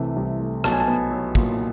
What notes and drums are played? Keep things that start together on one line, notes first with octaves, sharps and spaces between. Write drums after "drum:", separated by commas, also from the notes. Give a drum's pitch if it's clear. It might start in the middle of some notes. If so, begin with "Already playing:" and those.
Already playing: C2 C3 E3 A3
C2
A3
B1 A5, drum: rim click
G#5
A5
B3
F#3
A#2, drum: kick